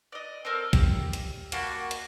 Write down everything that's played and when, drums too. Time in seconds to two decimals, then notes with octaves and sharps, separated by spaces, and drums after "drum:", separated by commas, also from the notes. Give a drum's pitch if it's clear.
0.12 D5 D#5
0.45 C4 A4 A#4 F6
0.73 G4, drum: kick, hi-hat
1.13 drum: hi-hat
1.52 A#3 F#4 A5 B5, drum: hi-hat
1.91 drum: hi-hat